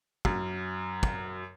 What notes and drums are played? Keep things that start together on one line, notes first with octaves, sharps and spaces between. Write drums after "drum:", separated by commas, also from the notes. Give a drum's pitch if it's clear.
F#2, drum: kick
drum: kick